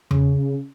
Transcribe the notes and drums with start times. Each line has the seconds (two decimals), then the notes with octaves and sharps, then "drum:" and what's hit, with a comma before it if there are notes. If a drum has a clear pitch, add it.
0.11 C#3, drum: tom E2